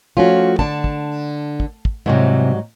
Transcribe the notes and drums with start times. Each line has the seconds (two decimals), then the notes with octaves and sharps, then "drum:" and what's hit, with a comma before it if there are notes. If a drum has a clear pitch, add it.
0.17 F3 A3 C#4 F4 F#4
0.59 D3 D4 A5, drum: kick
0.84 drum: kick
1.60 drum: kick
1.85 drum: kick
2.06 G#2 C3 E3 F#3 G3